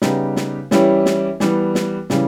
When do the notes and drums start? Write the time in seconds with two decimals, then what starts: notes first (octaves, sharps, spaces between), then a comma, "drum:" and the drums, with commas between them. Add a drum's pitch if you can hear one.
0.02 C#3 G3 B3 D#4 G4, drum: snare
0.36 drum: snare
0.71 E3 G3 C#4 E4 G4, drum: snare
1.06 drum: snare
1.40 E3 G3 B3, drum: snare
1.75 drum: snare
2.10 C#3 E3 G3, drum: snare